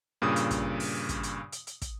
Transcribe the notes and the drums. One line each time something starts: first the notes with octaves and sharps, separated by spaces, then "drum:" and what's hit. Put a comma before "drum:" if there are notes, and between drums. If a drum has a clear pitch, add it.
G2 A#2 C#3 D#6
drum: hi-hat
drum: kick, hi-hat
drum: open hi-hat
drum: kick, hi-hat
drum: hi-hat
drum: hi-hat
drum: hi-hat
drum: kick, hi-hat